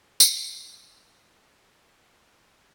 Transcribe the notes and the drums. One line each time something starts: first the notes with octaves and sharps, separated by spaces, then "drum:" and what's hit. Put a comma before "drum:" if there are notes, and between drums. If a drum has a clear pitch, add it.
A5 D6 D#6, drum: tambourine